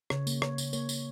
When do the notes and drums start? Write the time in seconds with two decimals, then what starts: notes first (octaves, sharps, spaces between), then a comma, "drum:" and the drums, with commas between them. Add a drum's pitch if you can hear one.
0.10 C#3 C#5, drum: rim click
0.27 A#3, drum: tambourine
0.42 C#3 C#5, drum: rim click
0.58 C#3, drum: tambourine
0.73 A#3 C#5, drum: tambourine
0.89 A#3, drum: tambourine